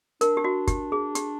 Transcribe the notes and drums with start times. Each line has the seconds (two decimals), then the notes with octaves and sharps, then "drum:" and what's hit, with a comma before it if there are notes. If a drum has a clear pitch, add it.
0.21 D4 A#4, drum: hi-hat
0.37 G4
0.44 F#4
0.67 G4, drum: kick, hi-hat
0.92 G#4
1.15 G4, drum: hi-hat